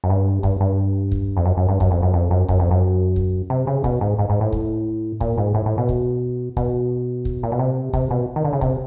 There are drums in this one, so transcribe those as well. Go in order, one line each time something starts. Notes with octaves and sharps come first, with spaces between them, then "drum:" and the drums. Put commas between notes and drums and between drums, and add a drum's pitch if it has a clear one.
F#2
G2
G2, drum: kick
G2
drum: kick
F2
F#2
F#2
G2
F#2, drum: kick
F2
F#2
F2
F#2
F#2, drum: kick
F2
F#2
drum: kick
C3
C#3
B2, drum: kick
G#2
G#2
G#2
A2
drum: kick
A#2, drum: kick
G#2
A2
A2
B2
drum: kick
B2, drum: kick
drum: kick
A#2
B2
C3
C3, drum: kick
B2
D#3
D3
C#3
C3, drum: kick